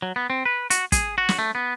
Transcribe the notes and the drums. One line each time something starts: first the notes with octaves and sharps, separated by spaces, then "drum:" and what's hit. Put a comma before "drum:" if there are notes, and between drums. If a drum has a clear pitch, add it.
F#3
B3
C4
B4
F#4, drum: hi-hat
G#4, drum: kick, hi-hat
F#4
drum: snare
A3
B3